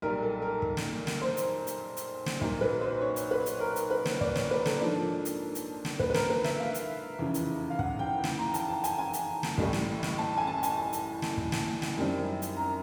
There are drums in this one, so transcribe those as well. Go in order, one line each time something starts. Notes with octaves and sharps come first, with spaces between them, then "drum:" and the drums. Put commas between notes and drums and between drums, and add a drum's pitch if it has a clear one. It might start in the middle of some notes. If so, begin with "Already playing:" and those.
B1 A#2 G3 A#4
A4
A#4
drum: kick
drum: snare
drum: snare
C5
drum: hi-hat
drum: hi-hat
drum: hi-hat
drum: snare
B1 A#2 F#3 A#3, drum: kick
B4
C5
C#5
drum: hi-hat
B4
drum: hi-hat
A#4
drum: hi-hat
B4
drum: snare
D5, drum: kick
C#5, drum: snare
B4
A4, drum: snare
G#2 F3 A#3 D4
drum: hi-hat
drum: hi-hat
drum: snare
B4, drum: kick
B4
A#4, drum: snare
B4
E5, drum: snare
F5
drum: hi-hat
F1 E2 C#3 F3
drum: hi-hat
F5
F#5, drum: kick
G5
drum: snare
A#5
A5, drum: hi-hat
A5
G#5, drum: hi-hat
G#5
drum: hi-hat
drum: snare
A1 A2 E3 G3, drum: kick
drum: snare
drum: snare
A5
G#5
A5
G#5, drum: hi-hat
A5
drum: hi-hat
drum: snare
drum: kick
drum: snare
drum: snare
F#2 D#3 G3 C4
drum: hi-hat
A#5